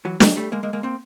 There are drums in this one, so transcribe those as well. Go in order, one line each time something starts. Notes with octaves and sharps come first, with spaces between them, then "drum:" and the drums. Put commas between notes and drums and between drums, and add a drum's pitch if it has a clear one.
E3 F#3
F#3 G#3, drum: snare
G3 A3
G#3 A#3
G#3 A#3
G#3 A#3
A#3 C4